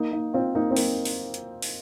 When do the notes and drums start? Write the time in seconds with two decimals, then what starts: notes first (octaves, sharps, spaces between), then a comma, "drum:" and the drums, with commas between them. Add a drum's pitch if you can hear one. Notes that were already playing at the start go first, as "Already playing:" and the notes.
Already playing: A#3 D#4
0.12 A#3 D#4
0.34 C4 F4
0.55 A#3 D#4
0.71 C4
0.76 A#3 D#4, drum: open hi-hat
1.05 drum: open hi-hat
1.34 drum: hi-hat
1.62 drum: open hi-hat